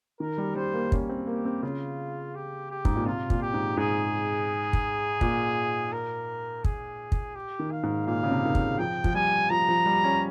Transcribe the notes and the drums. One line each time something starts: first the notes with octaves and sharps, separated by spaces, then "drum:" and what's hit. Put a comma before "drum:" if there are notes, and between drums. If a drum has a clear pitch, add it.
D#3 A#4
G3
G3 C5
A#3
C#4, drum: kick
C4
A#3 G4
C4
C#3 F4
G4
G4
G#2, drum: kick
A#2
C3 F4
A#2, drum: kick
G4
G#2
G#2 G#4
drum: kick
A#2, drum: kick
A#4
G#4, drum: kick
drum: kick
G4
D#3
F5
G#2
A#2 F5
C#3
C3
D#3
C#3, drum: kick
F3 G5
F3, drum: kick
G3 G#5
F3 A#5
F3
G3
C#4